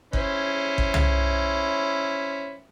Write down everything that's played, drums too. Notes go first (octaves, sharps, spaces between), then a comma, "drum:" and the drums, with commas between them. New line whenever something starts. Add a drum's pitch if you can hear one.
C#4 E4 C5, drum: kick G1
drum: kick G1
drum: tom